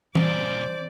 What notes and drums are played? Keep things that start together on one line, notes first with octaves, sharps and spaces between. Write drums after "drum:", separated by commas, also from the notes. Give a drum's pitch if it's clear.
A#2 C#3 E3 G3 C5 D5 D6, drum: tom E3